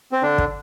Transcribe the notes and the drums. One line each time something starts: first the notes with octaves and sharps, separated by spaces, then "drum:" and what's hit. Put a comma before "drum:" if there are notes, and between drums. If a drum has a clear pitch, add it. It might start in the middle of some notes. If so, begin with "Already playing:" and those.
C4
D3 D4
drum: kick